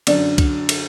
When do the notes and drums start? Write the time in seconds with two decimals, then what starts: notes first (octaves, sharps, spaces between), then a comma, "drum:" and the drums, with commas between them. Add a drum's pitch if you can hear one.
0.07 F#2 D3 D4, drum: cymbal
0.38 drum: kick C2, cymbal
0.69 drum: cymbal